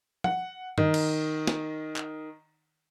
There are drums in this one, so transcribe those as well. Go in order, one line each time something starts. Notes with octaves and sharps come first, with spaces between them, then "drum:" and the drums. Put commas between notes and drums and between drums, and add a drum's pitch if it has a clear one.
F#5, drum: tom
D#3, drum: tom G2
drum: cymbal
drum: snare
drum: clap